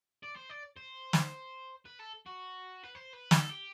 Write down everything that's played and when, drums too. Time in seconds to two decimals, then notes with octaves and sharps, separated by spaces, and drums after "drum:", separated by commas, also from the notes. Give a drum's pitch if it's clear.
0.23 D5
0.36 C5
0.50 D5
0.77 C5
1.13 drum: snare
1.86 B4
1.99 A4
2.26 F#4
2.83 B4
2.95 C5
3.13 B4
3.31 A4, drum: snare
3.49 G4